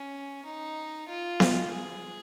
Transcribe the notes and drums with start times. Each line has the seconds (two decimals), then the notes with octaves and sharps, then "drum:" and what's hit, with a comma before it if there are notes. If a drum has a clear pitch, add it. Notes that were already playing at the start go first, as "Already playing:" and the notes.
Already playing: C#4
0.45 D#4
1.09 F4
1.40 drum: snare B3
1.73 G#4